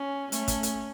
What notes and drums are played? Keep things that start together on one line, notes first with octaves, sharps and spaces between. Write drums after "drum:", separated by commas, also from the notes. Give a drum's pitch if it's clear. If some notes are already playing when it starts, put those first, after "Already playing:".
Already playing: C#4
A3 C#4, drum: hi-hat
drum: kick, hi-hat
drum: hi-hat